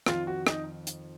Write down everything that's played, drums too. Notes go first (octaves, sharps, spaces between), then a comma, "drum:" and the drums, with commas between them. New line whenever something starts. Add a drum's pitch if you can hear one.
F2 D#3 F4, drum: rim click
F#4
D#4, drum: rim click
drum: hi-hat